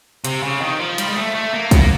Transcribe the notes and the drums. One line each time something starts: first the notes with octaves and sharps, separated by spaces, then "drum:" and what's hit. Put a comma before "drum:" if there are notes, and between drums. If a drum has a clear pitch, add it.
C3, drum: hi-hat
C#3
D#3
F3
G3, drum: hi-hat
G#3
A3
A3
A#3
B3, drum: kick, hi-hat
A#3